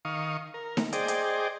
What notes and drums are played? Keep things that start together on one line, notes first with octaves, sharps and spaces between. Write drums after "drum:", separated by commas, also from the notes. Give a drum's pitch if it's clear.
D#3 F5 C#6 D#6
A#4
drum: snare D#4
G#4 C5 D5 D#5 G5, drum: hi-hat
drum: hi-hat